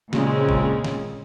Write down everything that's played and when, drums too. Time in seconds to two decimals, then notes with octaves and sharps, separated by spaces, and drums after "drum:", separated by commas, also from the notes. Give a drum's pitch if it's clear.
0.13 A#2 C#3 G#3 C4 C#4, drum: snare
0.49 drum: kick
0.85 drum: snare